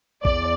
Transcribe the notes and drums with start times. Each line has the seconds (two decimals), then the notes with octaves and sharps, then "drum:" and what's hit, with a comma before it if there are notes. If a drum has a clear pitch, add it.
0.25 E2 D5, drum: kick A#1